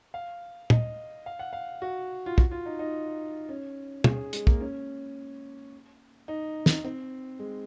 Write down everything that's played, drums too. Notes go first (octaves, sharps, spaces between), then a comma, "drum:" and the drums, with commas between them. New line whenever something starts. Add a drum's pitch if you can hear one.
F5
D#5, drum: tom
F5
F#5
F5
F#4
F4
F#4, drum: kick
F4
D#4
D#4
C#4
G#4, drum: tom
G#3, drum: hi-hat
A#3, drum: kick
C#4
D#4
drum: snare
C4
G#3